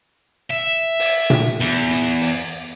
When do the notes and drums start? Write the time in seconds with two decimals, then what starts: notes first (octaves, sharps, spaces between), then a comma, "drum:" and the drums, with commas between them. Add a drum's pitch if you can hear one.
0.50 E5
0.99 drum: open hi-hat
1.30 drum: tom A#2
1.60 E2, drum: hi-hat
1.91 drum: hi-hat
2.21 drum: open hi-hat